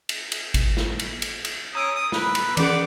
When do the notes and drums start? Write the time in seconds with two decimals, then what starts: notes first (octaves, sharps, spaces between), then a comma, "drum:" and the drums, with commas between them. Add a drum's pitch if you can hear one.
0.09 drum: cymbal
0.32 drum: cymbal
0.54 drum: kick G#1, cymbal
0.77 drum: snare
0.99 drum: cymbal
1.22 drum: cymbal
1.45 drum: cymbal
1.75 C#4 A#5 D#6 E6 D7
1.95 D#6
2.12 B4, drum: snare
2.35 drum: cymbal
2.57 E3 B3 C#4 G#4 D5 D6, drum: cymbal